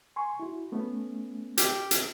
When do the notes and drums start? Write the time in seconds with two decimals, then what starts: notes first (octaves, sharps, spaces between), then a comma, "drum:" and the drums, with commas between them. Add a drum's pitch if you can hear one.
0.16 G#5 C6 C#6
0.40 E4 F#4
0.72 A3 B3 C#4
1.57 G4 F6, drum: hi-hat
1.91 drum: hi-hat